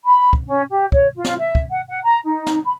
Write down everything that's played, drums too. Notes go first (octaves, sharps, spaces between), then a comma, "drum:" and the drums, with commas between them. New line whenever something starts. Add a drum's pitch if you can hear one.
B5
drum: kick
C#4
G4
C#5, drum: kick
F4
drum: snare
E5
drum: kick
F#5
F#5
A#5
D#4
drum: snare
B5